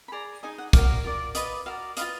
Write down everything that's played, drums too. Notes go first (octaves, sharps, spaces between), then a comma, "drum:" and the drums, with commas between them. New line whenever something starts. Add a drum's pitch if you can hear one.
B5
G#4 D5 A#5
D#4 G#4 D#5 G#5
F#5
F#4 A#4 D5 F5, drum: kick, hi-hat
F4 A#4 D5
F4 B4 D5 D#5, drum: hi-hat
F#4 A#4 D5 F5
F4 B4 D#5 F5, drum: hi-hat